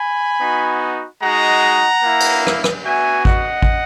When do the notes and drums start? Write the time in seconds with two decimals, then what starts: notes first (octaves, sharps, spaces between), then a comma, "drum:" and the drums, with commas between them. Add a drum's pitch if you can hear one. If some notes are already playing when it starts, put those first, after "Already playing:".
Already playing: G#5 B5
0.40 B3 D#4 F#4
1.21 G#3 D#4 F#4 F#5 A#5
2.02 A#3 E4
2.20 drum: cymbal
2.47 drum: rim click
2.64 drum: rim click
2.84 B3 F#4 E5 G#5
3.25 D#5 F#5, drum: kick A1
3.62 drum: kick A1